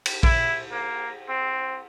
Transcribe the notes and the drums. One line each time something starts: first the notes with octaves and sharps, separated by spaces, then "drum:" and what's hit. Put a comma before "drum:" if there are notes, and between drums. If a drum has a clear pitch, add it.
drum: cymbal
E4, drum: kick A#1
A#3
C4